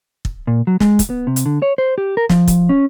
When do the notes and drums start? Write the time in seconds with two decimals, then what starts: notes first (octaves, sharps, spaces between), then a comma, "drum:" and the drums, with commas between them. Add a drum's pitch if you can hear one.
0.25 drum: kick
0.47 A#2
0.67 F#3
0.80 G#3, drum: snare
0.99 drum: kick, hi-hat
1.10 B3
1.27 C3
1.36 drum: hi-hat
1.46 D3
1.62 C#5
1.78 C5
1.98 G4
2.17 A#4
2.29 F3, drum: snare
2.48 drum: kick, hi-hat
2.69 C#4